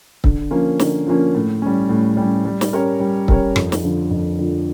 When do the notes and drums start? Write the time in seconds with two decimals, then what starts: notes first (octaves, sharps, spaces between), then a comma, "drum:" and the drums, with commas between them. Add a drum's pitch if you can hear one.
0.24 D3, drum: kick
0.51 F3 A#3 C#4
0.79 D3, drum: snare
1.07 F3 A#3 C#4
1.35 A2
1.62 G3 C#4
1.89 A2
2.17 G3 C#4
2.45 G3
2.61 drum: snare
2.73 C#4 G4 A#4 C#5
3.00 G3
3.28 C#4 G4 A#4 C#5, drum: kick
3.56 F2, drum: rim click
3.72 drum: snare
3.83 D3 F3
4.11 F2
4.39 D3 F3